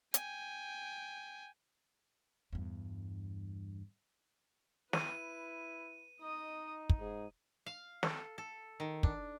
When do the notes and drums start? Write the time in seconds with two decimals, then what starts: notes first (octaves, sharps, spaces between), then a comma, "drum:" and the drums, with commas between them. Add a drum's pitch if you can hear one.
0.14 G5 G#5, drum: hi-hat
2.53 E2 G2
4.93 E4 B4 D#7, drum: snare
6.21 D#4 D#5 D#6
6.90 drum: kick
7.00 G#2 G#4
7.66 F5
8.03 A4, drum: snare
8.38 A4
8.80 D#3
9.03 D4, drum: kick